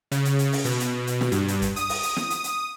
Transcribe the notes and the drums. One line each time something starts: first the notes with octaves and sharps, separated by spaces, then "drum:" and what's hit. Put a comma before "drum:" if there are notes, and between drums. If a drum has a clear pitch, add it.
C#3, drum: hi-hat
drum: hi-hat
drum: hi-hat
drum: open hi-hat
B2, drum: hi-hat
drum: hi-hat
drum: hi-hat
drum: snare
G2, drum: hi-hat
drum: hi-hat
drum: kick, hi-hat
D#6, drum: hi-hat
drum: open hi-hat
drum: hi-hat
drum: snare
drum: hi-hat
drum: hi-hat